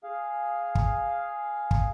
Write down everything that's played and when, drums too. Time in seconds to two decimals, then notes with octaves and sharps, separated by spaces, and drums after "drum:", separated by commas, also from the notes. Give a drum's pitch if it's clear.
0.04 G#4 F5
0.75 drum: kick
1.71 drum: kick